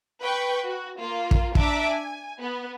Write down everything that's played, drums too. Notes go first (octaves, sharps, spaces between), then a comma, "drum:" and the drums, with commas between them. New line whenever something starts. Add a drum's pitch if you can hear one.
B4 G5 C#6
F#4
A#3 F4
drum: kick
D4 E5 A#5 D6 D7, drum: kick
G#5
B3